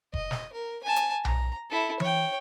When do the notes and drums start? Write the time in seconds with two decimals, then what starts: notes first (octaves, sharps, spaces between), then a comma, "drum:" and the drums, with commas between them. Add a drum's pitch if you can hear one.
0.14 D#5, drum: kick F1
0.31 drum: snare
0.53 A#4
0.84 G#5 A5
0.96 drum: hi-hat
1.25 A#5, drum: tom B1
1.70 E4 A4
2.00 C#5 G5, drum: tom E3